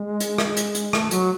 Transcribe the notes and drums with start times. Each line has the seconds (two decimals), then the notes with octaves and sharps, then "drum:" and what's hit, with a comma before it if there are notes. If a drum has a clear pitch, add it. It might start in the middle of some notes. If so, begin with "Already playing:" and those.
Already playing: G#3
0.20 drum: hi-hat
0.38 drum: rim click
0.57 drum: hi-hat
0.75 drum: hi-hat
0.93 A3, drum: rim click
1.11 F#3, drum: hi-hat